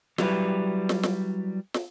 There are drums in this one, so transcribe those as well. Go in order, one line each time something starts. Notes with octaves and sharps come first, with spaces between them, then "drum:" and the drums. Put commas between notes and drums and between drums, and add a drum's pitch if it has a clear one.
F#3 G3 E4 B4, drum: snare
drum: snare
drum: snare
drum: snare